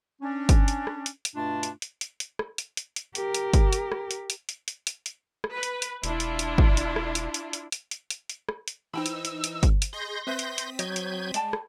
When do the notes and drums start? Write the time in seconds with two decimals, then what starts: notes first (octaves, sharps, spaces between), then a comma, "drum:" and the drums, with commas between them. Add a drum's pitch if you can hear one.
0.22 C#4 D4
0.49 drum: kick G1, hi-hat
0.68 drum: hi-hat
0.87 drum: rim click
1.06 drum: hi-hat
1.25 drum: hi-hat
1.36 G2 B2 A3 D4 F4 A5
1.63 drum: hi-hat
1.82 drum: hi-hat
2.01 drum: hi-hat
2.20 drum: hi-hat
2.39 drum: rim click
2.58 drum: hi-hat
2.77 drum: hi-hat
2.96 drum: hi-hat
3.15 G4 A#4, drum: hi-hat
3.34 drum: hi-hat
3.54 drum: kick G1, hi-hat
3.73 drum: hi-hat
3.92 drum: rim click
4.11 drum: hi-hat
4.30 drum: hi-hat
4.49 drum: hi-hat
4.68 drum: hi-hat
4.87 drum: hi-hat
5.06 drum: hi-hat
5.44 drum: rim click
5.53 B4
5.63 drum: hi-hat
5.82 drum: hi-hat
6.04 E1 D4 E4 F4, drum: hi-hat
6.20 drum: hi-hat
6.39 drum: hi-hat
6.58 drum: kick G1
6.77 drum: hi-hat
6.96 drum: rim click
7.15 drum: hi-hat
7.34 drum: hi-hat
7.53 drum: hi-hat
7.72 drum: hi-hat
7.91 drum: hi-hat
8.10 drum: hi-hat
8.29 drum: hi-hat
8.49 drum: rim click
8.68 drum: hi-hat
8.94 E3 D#4 C5 G5 B5 E6
9.06 drum: hi-hat
9.25 drum: hi-hat
9.44 drum: hi-hat
9.63 drum: kick G1, hi-hat
9.82 drum: hi-hat
9.93 G#4 D#5 C6 G6 A#6
10.27 C4 B4 E5 D#6 B6
10.39 drum: hi-hat
10.58 drum: hi-hat
10.79 F#3 D#5 G6 G#6, drum: hi-hat
10.96 drum: hi-hat
11.34 G#3 D5 G5 A5, drum: hi-hat
11.53 drum: rim click